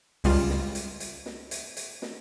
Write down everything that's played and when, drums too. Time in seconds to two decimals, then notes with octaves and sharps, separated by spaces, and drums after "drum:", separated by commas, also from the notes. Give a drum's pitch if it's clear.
0.24 C#2 G3 F4, drum: open hi-hat
0.49 drum: snare
0.75 drum: hi-hat
1.00 drum: hi-hat
1.26 drum: snare
1.51 drum: hi-hat
1.77 drum: hi-hat
2.02 drum: snare